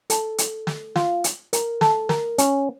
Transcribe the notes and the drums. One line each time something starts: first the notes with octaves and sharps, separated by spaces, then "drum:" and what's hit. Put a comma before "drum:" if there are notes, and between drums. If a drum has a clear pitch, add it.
A4, drum: hi-hat
drum: hi-hat
drum: snare
F4, drum: snare
drum: hi-hat
A#4, drum: hi-hat
A4, drum: snare
A#4, drum: snare
C#4, drum: hi-hat